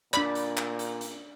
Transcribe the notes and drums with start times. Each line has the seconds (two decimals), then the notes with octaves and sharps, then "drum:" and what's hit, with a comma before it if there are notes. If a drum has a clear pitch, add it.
0.13 A#2 D4 D5 B5, drum: clap
0.35 drum: hi-hat
0.57 drum: clap
0.79 drum: hi-hat
1.01 drum: hi-hat